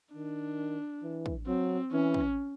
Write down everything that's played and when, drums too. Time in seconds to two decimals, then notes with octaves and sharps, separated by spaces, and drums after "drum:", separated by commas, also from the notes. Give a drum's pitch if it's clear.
0.14 D#3 D4
1.03 E3
1.26 drum: kick
1.47 F#3 C4
1.92 E3 C#4
2.14 drum: kick